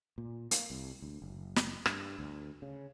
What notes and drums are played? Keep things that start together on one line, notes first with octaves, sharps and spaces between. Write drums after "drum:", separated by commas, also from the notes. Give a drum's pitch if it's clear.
A#2
A#3, drum: hi-hat
C2
D2
F#1
drum: snare
G2, drum: rim click
D2
C#3